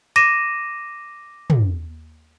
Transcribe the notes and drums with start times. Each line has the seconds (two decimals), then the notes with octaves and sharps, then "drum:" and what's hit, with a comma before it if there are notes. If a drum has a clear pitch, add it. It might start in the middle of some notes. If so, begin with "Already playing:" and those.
0.16 D6 A#6 D#7 E7, drum: hi-hat
1.50 drum: tom